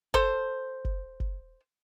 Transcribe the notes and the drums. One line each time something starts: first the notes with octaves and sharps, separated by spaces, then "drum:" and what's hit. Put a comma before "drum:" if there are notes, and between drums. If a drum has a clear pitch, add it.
A4 C5, drum: kick F#1
drum: kick F#1
drum: kick F#1